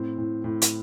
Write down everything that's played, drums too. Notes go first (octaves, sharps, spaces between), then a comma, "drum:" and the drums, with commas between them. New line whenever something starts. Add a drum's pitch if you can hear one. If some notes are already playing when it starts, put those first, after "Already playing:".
Already playing: A2 C4
A2
A2
drum: hi-hat